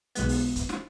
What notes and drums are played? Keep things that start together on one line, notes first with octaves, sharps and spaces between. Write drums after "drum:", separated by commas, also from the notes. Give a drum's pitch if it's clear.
B1 G#3 B3, drum: hi-hat
drum: open hi-hat
drum: kick, hi-hat
drum: snare